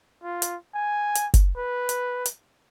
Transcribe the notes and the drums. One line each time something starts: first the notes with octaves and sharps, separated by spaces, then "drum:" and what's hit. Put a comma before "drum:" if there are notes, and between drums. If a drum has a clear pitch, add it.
F4
drum: hi-hat
G#5
drum: hi-hat
drum: kick F#1, hi-hat
B4
drum: hi-hat
drum: hi-hat